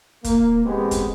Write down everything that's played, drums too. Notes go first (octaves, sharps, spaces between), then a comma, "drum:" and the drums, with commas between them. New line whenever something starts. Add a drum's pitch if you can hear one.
A#3, drum: kick, hi-hat
A1 G#3 B3 C4 G4 B4
drum: kick, hi-hat